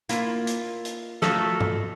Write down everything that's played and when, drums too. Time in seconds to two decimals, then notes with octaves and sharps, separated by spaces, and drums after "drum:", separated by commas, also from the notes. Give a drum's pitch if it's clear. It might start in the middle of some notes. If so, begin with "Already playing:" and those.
0.09 A#3 E4 F4, drum: hi-hat
0.47 drum: hi-hat
0.85 drum: hi-hat
1.22 F3 F#3 A3 A4, drum: snare
1.60 drum: tom G#2